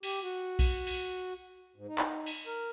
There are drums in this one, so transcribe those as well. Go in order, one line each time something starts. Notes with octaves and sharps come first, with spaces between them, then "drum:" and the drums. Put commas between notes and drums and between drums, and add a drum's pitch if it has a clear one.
G4, drum: cymbal
F#4
drum: kick A#1, cymbal
drum: cymbal
G#2
D#4
drum: clap
drum: cymbal
A#4